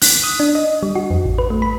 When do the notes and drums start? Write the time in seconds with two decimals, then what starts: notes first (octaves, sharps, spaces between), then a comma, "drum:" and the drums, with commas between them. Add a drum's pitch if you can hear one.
0.02 F#6, drum: open hi-hat
0.24 D#6
0.40 D4
0.55 D#5
0.83 G3
0.95 F#4
1.10 F2
1.25 A1
1.38 B4
1.50 A3
1.62 B5